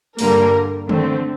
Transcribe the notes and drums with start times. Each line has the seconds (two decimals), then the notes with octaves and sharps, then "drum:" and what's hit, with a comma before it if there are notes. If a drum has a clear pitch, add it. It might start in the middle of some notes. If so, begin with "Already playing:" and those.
0.19 G2 D3 G3 A#3 A#4, drum: open hi-hat
0.89 D3 A3 C4, drum: tom